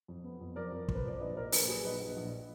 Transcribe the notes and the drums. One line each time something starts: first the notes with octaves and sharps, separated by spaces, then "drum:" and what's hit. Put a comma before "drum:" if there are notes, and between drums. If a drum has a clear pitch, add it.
F2
B3
F2
F3 A#4 D5
F2
F2, drum: kick
B4
F3 D5
A#1 B4 D#5
A#3 A#4 D5
A#1 G#4 B4, drum: open hi-hat
F#3 G#4 B4
A#1 B4 D#5
A#1
A#1